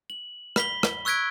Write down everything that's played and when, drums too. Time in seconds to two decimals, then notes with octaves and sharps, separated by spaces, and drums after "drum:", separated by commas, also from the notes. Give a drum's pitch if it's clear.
0.10 F#7
0.56 B5 B6 G7, drum: rim click
0.83 drum: rim click
1.05 C#6 E6 F#6 G#6 B6 D7